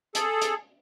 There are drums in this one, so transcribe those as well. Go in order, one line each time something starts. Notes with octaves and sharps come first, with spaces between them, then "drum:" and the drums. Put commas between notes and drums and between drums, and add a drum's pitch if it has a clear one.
G#4 A4, drum: hi-hat
drum: hi-hat